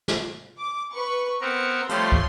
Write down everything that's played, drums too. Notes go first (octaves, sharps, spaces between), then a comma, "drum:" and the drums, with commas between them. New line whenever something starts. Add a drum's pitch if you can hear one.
drum: snare
D6
B4 C#6
B3 C4 A#4 C#7
F3 G3 A3 C#5 C6, drum: hi-hat
drum: kick